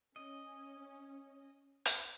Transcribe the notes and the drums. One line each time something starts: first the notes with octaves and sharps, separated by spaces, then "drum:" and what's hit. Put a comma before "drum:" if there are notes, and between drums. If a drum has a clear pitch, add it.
C#4 D#5
drum: hi-hat